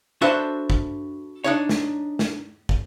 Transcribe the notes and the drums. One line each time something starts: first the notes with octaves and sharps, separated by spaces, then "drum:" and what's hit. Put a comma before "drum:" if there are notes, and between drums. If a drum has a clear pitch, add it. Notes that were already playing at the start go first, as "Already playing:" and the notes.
D4 F#4 A4 B4 C5 E5
drum: kick
D4 D#4 C#5
drum: snare
drum: snare
drum: kick